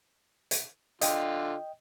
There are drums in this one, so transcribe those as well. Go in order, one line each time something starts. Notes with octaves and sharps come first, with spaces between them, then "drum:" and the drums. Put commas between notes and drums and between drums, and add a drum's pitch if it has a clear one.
drum: hi-hat
D3 F4 D#5 G5, drum: hi-hat